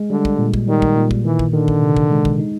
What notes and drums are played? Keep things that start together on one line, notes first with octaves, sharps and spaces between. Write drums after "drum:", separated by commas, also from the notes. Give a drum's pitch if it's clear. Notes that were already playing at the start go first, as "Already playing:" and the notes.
Already playing: G#3
D3 G3
drum: kick
A#2
drum: kick
D#3 G3
drum: kick
A#2
drum: kick
D#3 E3
drum: kick
D3 D#3
drum: kick
C3
drum: kick
G#3
drum: kick
D#4